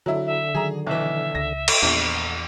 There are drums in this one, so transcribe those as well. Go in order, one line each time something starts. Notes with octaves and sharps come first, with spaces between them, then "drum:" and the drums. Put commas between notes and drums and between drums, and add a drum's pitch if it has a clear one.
D3 F#3 E4
E5
D#3 F#3 G#4 A#5
B1 E3 E5
C#2 A#6
drum: cymbal
A#1 E2 B3